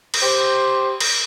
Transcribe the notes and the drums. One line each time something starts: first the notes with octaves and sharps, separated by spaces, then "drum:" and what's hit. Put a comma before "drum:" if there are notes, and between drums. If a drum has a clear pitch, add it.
drum: cymbal
G4 C5
drum: cymbal